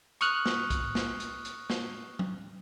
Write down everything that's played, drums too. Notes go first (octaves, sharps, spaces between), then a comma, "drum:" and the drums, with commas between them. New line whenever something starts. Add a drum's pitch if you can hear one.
C#6 D#6 F6 F#6, drum: hi-hat
drum: snare
drum: kick, hi-hat
drum: snare
drum: hi-hat
drum: hi-hat
drum: snare
drum: tom F#3